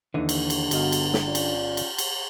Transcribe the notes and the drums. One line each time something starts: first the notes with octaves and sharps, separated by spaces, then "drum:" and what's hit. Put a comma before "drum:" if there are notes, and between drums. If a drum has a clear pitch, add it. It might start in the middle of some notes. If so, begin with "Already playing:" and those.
D#2 D3 E3 D#4
drum: cymbal
drum: cymbal
G1 B3 F#4 D#5 F5, drum: cymbal
drum: cymbal
drum: snare
C#4 F4 D5
drum: cymbal
drum: cymbal
drum: cymbal